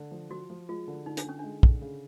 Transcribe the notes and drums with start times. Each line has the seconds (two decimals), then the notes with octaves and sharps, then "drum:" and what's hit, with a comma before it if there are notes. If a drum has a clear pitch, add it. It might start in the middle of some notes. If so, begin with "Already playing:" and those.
Already playing: D3
0.11 F3
0.30 F3 F#4
0.50 F3
0.69 G#3 F4
0.88 D3
1.06 D3 D#4
1.17 D4, drum: hi-hat
1.25 D3 C#4
1.39 G#3 D4
1.63 D3, drum: kick
1.82 C#3